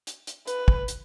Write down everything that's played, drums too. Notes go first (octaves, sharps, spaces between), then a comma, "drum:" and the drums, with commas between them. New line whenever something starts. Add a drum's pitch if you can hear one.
drum: hi-hat
drum: hi-hat
B4, drum: hi-hat
drum: kick
drum: hi-hat